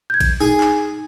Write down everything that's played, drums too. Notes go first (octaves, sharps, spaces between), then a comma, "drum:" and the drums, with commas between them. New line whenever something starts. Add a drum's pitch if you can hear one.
G6 G#6
drum: kick A1, cymbal
D#4 G#4
drum: clap